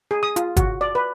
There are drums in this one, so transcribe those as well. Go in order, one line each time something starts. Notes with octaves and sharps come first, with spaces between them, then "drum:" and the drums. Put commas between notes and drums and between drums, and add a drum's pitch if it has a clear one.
G#4
D#6
F4, drum: hi-hat
F#4, drum: kick, hi-hat
D5
B4